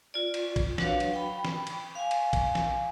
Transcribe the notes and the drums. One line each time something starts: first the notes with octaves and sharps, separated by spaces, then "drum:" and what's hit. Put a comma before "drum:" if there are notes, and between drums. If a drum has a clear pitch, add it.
F4 D5
drum: cymbal
drum: kick A#1, cymbal
F#3 D4 F#4 B4 C#5 F5, drum: snare
drum: cymbal
G5 B5
drum: snare
drum: cymbal
F5 G#5
drum: cymbal
drum: kick A#1, cymbal
drum: snare